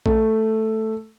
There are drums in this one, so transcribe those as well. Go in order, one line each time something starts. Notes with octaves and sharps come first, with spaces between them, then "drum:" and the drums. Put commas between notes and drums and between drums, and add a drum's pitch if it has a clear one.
A3, drum: kick A#1